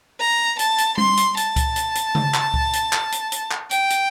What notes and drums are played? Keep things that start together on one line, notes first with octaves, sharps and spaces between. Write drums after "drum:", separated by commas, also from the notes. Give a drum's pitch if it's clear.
A#5
A5, drum: hi-hat
drum: hi-hat
C6, drum: tom G3
drum: hi-hat
A5, drum: hi-hat
drum: kick C#2, hi-hat
drum: hi-hat
drum: hi-hat
drum: tom C#3
drum: clap
drum: kick C#2
drum: hi-hat
drum: clap
drum: hi-hat
drum: hi-hat
drum: clap
G5, drum: hi-hat
drum: hi-hat